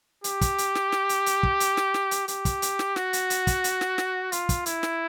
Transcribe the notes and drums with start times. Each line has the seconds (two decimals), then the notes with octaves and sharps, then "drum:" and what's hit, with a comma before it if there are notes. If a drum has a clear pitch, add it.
0.24 G4, drum: hi-hat
0.41 drum: kick, hi-hat
0.58 drum: hi-hat
0.75 drum: snare
0.92 drum: snare
1.09 drum: hi-hat
1.26 drum: hi-hat
1.43 drum: kick
1.60 drum: hi-hat
1.77 drum: snare
1.94 drum: snare
2.11 drum: hi-hat
2.28 G4, drum: hi-hat
2.45 drum: kick, hi-hat
2.62 drum: hi-hat
2.79 drum: snare
2.96 F#4, drum: snare
3.13 drum: hi-hat
3.30 drum: hi-hat
3.47 drum: kick, hi-hat
3.64 drum: hi-hat
3.81 drum: snare
3.98 drum: snare
4.32 F4, drum: hi-hat
4.49 drum: kick, hi-hat
4.66 E4, drum: hi-hat
4.83 drum: snare